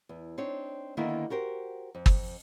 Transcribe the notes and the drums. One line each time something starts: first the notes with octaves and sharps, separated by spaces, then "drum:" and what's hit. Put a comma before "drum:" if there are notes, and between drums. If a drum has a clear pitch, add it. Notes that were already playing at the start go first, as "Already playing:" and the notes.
E2
C4 D4 D#4 C#5
D3 D#3 A#3 B3 E4 A4
F#4 G4 A#4 C5
F2
drum: kick G1